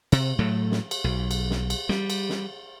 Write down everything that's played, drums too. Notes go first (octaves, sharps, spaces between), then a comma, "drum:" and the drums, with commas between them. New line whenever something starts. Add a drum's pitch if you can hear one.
C3, drum: cymbal
A2 F#3 A3
drum: snare
drum: cymbal
B1
drum: cymbal
drum: snare
drum: cymbal
G3, drum: snare
drum: cymbal
drum: snare